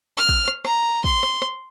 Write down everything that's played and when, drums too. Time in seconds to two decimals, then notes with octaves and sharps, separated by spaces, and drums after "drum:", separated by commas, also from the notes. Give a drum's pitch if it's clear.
0.18 F6
0.29 drum: kick
0.48 drum: rim click
0.65 A#5, drum: rim click
1.04 C6, drum: kick
1.23 drum: rim click
1.42 drum: rim click